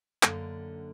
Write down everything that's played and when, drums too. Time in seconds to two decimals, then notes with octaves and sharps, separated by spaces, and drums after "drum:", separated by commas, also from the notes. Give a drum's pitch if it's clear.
0.23 F#2 D3 A#3, drum: clap